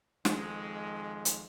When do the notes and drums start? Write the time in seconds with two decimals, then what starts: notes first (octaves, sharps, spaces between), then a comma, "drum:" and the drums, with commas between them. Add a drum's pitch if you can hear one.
0.25 F2 D#3 G#3, drum: snare
1.25 drum: hi-hat